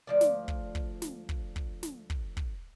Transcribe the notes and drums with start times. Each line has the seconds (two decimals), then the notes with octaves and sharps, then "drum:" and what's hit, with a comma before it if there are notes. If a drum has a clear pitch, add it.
0.07 D2 F3 D5
0.21 drum: snare
0.48 drum: kick
0.75 drum: kick
1.02 drum: snare
1.29 drum: kick
1.56 drum: kick
1.83 drum: snare
2.10 drum: kick
2.37 drum: kick